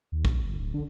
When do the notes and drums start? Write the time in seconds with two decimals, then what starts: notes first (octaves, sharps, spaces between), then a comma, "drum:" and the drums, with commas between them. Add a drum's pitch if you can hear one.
0.12 D#2
0.25 A#1, drum: kick
0.43 G1
0.60 D1
0.74 D3